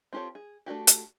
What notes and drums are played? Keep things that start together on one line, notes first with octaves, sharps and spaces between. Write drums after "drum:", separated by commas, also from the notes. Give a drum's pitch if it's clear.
C4 F4 G4 A4 C#5
G#4
A3 D4 F#4 G4
drum: hi-hat